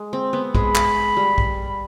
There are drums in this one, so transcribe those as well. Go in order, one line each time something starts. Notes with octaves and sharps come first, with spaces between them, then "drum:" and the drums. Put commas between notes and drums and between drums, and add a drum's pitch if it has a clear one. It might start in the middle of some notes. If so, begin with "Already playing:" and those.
Already playing: G#3
C4
B3
G#3 B5, drum: kick
drum: clap
G3
drum: kick